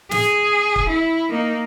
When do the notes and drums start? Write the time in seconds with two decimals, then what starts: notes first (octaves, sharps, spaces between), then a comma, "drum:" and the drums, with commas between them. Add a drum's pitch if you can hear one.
0.11 G#4, drum: snare
0.76 drum: kick
0.89 E4
1.30 A#3 D#4